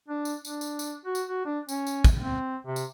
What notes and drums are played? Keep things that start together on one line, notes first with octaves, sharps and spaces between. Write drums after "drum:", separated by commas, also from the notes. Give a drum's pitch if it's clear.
D4
drum: tambourine
D4, drum: tambourine
drum: tambourine
drum: tambourine
F#4
drum: tambourine
F#4
D4
C#4, drum: tambourine
drum: tambourine
drum: kick, tambourine
C4
C3
drum: tambourine